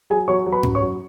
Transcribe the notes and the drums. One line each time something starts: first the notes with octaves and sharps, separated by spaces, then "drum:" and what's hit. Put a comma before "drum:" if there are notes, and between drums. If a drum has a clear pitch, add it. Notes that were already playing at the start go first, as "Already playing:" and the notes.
F#3 G#4 G#5
F#3 C#5 C#6
F#3
B4 B5
F#2, drum: tom G#2
C#5 C#6
F#3